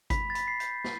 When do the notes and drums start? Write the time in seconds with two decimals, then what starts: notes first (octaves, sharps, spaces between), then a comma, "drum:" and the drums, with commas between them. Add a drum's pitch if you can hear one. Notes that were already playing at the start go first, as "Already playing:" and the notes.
0.10 B5 B6, drum: kick G#1, hi-hat
0.30 A6
0.35 B5 B6, drum: hi-hat
0.48 C7
0.60 G6, drum: hi-hat
0.84 drum: snare